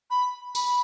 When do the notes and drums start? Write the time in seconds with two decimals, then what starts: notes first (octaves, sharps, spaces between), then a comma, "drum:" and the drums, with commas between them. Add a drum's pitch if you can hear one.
0.11 B5
0.55 B5, drum: tambourine